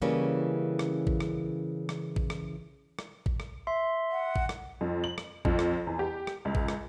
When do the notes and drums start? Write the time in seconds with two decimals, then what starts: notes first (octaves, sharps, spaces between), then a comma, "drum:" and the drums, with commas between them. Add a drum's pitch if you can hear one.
0.02 C#3 E3 G3 A#3 C#4
0.79 drum: rim click
1.07 drum: kick A1
1.20 drum: rim click
1.89 drum: rim click
2.16 drum: kick A1
2.30 drum: rim click
2.99 drum: rim click
3.26 drum: kick A1
3.40 drum: rim click
3.67 E5 C6
4.11 F#5
4.36 drum: kick A1
4.49 drum: rim click
4.81 F2
5.04 F#7
5.18 drum: rim click
5.45 F2, drum: kick A1
5.59 drum: rim click
5.87 E2
5.99 G4
6.27 drum: rim click
6.45 C#2
6.55 drum: kick A1
6.68 drum: rim click